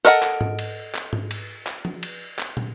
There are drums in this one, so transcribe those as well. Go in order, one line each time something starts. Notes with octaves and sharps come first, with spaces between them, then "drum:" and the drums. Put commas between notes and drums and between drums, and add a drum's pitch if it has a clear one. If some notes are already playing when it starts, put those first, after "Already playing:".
A4 A#4 D#5 F5 F#5
drum: clap
drum: tom G#2
drum: cymbal
drum: clap
drum: tom G#2
drum: cymbal
drum: clap
drum: tom F3
drum: cymbal
drum: clap
drum: tom